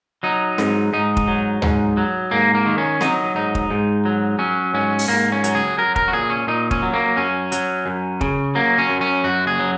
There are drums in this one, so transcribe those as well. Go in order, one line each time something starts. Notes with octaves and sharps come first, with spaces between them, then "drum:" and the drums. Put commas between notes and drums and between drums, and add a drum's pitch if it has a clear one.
F#3 D#4
G#2, drum: snare C4
G#2 D#4
drum: kick
F#3
G#2, drum: tom D2
F#3
G#2 A#3
A#3
D#3
C#4
F#3 D#4, drum: snare C4
G#2 D#4
drum: kick
G#2
F#3
F#3 C#4
G#2 C#4
drum: open hi-hat
G#2 A#3
C#4
F#3, drum: hi-hat
G#4
F#3 A#4
A#4, drum: kick
F#4
A#2 G#4
C#4
A#2 D#4
C#4, drum: kick
F#3
A#3
F#2 C#4
F#3, drum: hi-hat
F#2
C#3, drum: kick
F#3 A#3
C#4
F#2
C#4
F#2 F#4
G#4
F#3